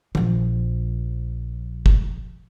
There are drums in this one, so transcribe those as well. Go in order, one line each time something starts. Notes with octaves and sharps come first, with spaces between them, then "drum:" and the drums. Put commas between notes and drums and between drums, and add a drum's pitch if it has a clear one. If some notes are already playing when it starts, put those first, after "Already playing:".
A#1 F3, drum: tom
drum: kick